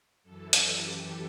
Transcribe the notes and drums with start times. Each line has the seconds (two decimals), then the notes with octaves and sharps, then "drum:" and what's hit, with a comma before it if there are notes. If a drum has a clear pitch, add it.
0.23 F#2 E3 A4
0.53 drum: hi-hat
0.63 G4